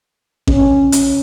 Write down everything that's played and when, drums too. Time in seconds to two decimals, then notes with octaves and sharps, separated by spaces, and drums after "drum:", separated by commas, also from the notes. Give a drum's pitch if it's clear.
0.48 C#4, drum: kick A1
0.92 drum: hi-hat